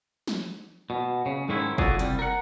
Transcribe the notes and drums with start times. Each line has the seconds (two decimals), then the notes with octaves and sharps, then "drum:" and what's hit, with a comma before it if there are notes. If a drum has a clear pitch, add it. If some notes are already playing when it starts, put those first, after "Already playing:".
0.27 drum: snare
0.90 B2
1.26 C#3
1.49 G#2 D#3 G#3 C#4 E4
1.78 F4 F#4 G#4 A4 D5, drum: kick
1.99 C2 G3, drum: hi-hat
2.19 A#4 F#5